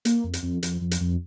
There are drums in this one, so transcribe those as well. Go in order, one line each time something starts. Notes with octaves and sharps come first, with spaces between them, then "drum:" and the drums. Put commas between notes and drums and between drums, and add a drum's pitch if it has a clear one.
A#3, drum: hi-hat
F2
drum: hi-hat
F2
F2, drum: hi-hat
F2
drum: hi-hat
F2